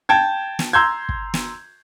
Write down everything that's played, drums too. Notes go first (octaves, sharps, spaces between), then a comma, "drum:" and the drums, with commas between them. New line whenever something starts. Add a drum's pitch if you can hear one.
G5 A5 G#6
drum: snare
A#5 C6 E6 G6 G#6
drum: kick
drum: snare